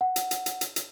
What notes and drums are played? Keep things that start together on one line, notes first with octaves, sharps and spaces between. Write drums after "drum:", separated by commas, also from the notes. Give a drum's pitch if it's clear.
F#5
drum: hi-hat
drum: hi-hat
drum: hi-hat
drum: hi-hat
drum: hi-hat